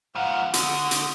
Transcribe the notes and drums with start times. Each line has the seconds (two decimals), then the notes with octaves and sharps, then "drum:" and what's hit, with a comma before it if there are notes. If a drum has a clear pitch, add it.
0.15 G#2 F3 F5 F#5
0.54 D3 F#4 D#6, drum: hi-hat
0.91 drum: hi-hat